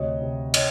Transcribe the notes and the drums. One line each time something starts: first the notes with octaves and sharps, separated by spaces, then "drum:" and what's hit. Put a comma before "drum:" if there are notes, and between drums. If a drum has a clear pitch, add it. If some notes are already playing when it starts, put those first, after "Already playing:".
Already playing: D2 C3 C#5 D#5
C3
C#5 D#5, drum: cymbal